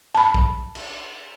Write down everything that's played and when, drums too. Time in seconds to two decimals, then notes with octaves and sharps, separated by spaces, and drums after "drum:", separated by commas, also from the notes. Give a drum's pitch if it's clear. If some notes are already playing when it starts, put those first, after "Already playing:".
0.15 A5 B5
0.34 drum: kick A#1
0.75 drum: cymbal